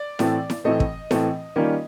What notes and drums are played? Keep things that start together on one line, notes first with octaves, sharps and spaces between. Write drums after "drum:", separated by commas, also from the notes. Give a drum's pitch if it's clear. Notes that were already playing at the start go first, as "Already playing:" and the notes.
Already playing: D5
A2 E3 A3 C4, drum: snare E4
drum: snare E4
A2 E3 A3 C4 D#5
drum: kick
A2 E3 A3 C4, drum: snare E4
D#3 G3 A#3 C#4 F4